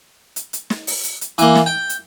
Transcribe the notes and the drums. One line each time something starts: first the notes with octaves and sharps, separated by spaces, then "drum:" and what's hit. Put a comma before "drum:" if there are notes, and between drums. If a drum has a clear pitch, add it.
drum: hi-hat
drum: hi-hat
drum: snare
drum: open hi-hat
drum: hi-hat
drum: hi-hat
E3 A#3, drum: hi-hat
drum: snare
G5
drum: hi-hat